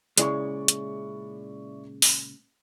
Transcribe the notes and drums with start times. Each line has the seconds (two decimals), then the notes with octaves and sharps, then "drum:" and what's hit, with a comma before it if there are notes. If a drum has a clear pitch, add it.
0.18 A#2 C#3 G#3 E4 D5 C#6, drum: hi-hat
0.68 drum: hi-hat
2.02 drum: open hi-hat